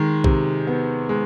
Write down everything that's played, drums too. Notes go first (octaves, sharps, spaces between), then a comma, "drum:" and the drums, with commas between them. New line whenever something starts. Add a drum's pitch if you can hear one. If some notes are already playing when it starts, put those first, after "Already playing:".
Already playing: D#3 G#3
C3, drum: kick
B3
G#3